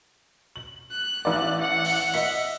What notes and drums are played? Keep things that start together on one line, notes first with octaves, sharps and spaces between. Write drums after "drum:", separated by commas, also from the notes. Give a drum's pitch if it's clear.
F#7
F#6
A1 D5
F#5
drum: cymbal
D#5 E5 B6, drum: cymbal